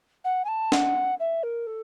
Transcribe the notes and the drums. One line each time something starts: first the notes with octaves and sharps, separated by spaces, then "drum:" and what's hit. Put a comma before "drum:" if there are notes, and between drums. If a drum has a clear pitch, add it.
F#5
G#5
A5
F#5, drum: snare
E5
A#4
A4